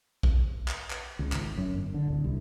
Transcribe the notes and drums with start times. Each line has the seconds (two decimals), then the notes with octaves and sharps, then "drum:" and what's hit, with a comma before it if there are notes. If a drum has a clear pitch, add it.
0.23 drum: kick A#1
0.68 drum: clap
0.90 drum: clap
1.19 C#2
1.32 G#1, drum: clap
1.57 F#2
1.74 G1
1.94 D3
2.08 D1
2.24 C2